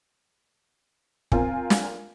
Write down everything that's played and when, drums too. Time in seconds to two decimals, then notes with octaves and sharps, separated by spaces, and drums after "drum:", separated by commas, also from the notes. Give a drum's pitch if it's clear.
1.32 C4 F4 A#4 G#5, drum: kick
1.70 drum: snare